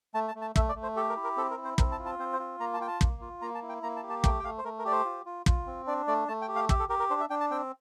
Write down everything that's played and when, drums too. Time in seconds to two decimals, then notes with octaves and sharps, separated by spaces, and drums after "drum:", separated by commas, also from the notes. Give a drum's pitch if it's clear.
0.14 A3 A5
0.28 A5
0.35 A3
0.42 A5
0.56 A3 E5, drum: kick
0.69 D5
0.75 A3
0.83 C5
0.96 G4 A4
1.10 A#4
1.16 E4
1.24 A#4
1.37 C4 A4
1.51 A#4
1.58 E4
1.65 C5
1.78 C4 A#4, drum: kick
1.92 A5
1.99 F4
2.06 A5
2.19 C4 C5
2.33 C5
2.40 F4
2.60 A#3 A#5
2.74 A5
2.80 F4 G5
2.88 A5
3.01 A#3, drum: kick
3.21 F4
3.42 A#3 A#5
3.55 A5
3.62 E4
3.69 G5
3.83 A#3 A#5
3.96 A5
4.03 G4
4.10 A5
4.24 A3 G5, drum: kick
4.40 G5
4.44 A3 F5
4.58 C5
4.64 A3 A#4
4.79 A#4
4.85 G4 D5
4.92 C5
5.05 F4
5.26 F4
5.46 F4, drum: kick
5.66 C4
5.87 D4 D5
6.07 A3 D5
6.28 A3 A5
6.42 G5
6.48 G4
6.56 F5
6.69 G4 E5, drum: kick
6.79 A4
6.89 G4 A#4
7.00 A#4
7.10 D4 C5
7.20 E5
7.30 D4 G5
7.41 A5
7.51 C4 G5